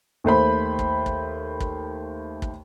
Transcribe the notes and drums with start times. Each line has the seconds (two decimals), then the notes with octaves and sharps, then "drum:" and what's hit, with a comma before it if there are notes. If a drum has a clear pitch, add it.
0.24 D#2 A3 C5 B5
0.79 drum: kick
1.06 drum: kick
1.60 drum: kick
2.42 drum: kick